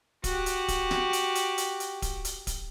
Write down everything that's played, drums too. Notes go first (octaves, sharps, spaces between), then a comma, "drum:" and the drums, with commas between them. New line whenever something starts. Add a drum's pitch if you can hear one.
F#4 G4, drum: kick D1, hi-hat
drum: hi-hat
drum: kick D1, hi-hat
drum: snare
drum: hi-hat
drum: hi-hat
drum: hi-hat
drum: hi-hat
drum: kick D1, hi-hat
drum: hi-hat
drum: kick D1, hi-hat